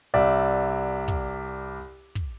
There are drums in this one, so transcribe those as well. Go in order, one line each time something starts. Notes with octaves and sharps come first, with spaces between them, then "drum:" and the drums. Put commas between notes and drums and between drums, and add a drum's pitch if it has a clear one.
C2 D5 E5
drum: kick
drum: kick